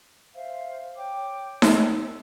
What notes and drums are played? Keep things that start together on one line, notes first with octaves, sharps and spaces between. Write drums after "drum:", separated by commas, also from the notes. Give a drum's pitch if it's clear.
C5 E5 F5
C#5 G5 D6
E6, drum: snare D#4